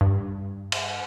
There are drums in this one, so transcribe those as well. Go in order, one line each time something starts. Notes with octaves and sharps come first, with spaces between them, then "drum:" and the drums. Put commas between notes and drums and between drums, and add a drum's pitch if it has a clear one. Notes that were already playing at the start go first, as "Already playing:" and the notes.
G2
drum: cymbal